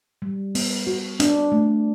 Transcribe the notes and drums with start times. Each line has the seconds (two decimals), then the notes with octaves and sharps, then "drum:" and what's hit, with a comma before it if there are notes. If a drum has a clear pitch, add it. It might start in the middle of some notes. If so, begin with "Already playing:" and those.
0.22 G3
0.55 B3, drum: open hi-hat
0.87 F#4
1.20 D4, drum: hi-hat
1.52 A3